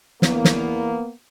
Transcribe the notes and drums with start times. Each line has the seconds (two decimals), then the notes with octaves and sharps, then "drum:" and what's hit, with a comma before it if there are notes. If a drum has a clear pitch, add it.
0.22 E2 A#3 B3, drum: snare
0.45 drum: snare